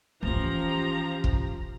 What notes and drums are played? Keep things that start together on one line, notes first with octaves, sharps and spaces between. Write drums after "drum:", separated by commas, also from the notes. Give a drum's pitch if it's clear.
E3 F3 C#4 G4 A#5
drum: kick